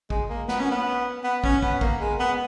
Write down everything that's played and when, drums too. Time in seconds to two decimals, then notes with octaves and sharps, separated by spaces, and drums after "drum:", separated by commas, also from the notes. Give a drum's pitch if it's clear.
0.10 G#3, drum: kick
0.29 A#3
0.48 B3, drum: snare
0.60 C#4
0.71 B3
1.24 B3
1.44 C#4, drum: kick
1.62 B3, drum: kick
1.81 A#3, drum: kick
2.00 G#3
2.20 B3